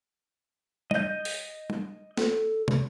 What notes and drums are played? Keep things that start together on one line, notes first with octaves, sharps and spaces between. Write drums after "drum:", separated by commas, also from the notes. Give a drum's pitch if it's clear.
D#5 G6, drum: tom
drum: open hi-hat
drum: tom
A4, drum: snare
drum: tom